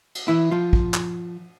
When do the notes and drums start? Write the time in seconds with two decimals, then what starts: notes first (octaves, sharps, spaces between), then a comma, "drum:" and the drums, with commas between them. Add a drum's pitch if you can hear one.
0.15 drum: cymbal
0.28 E3 E4
0.51 F3 F4
0.73 drum: kick
0.94 drum: clap